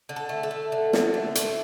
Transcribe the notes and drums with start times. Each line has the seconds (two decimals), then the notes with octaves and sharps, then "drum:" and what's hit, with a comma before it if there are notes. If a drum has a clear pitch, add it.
0.09 D3
0.16 A4
0.29 A3
0.43 A4
0.51 A3
0.72 D3
0.93 D3, drum: snare
1.14 A3
1.35 A3, drum: hi-hat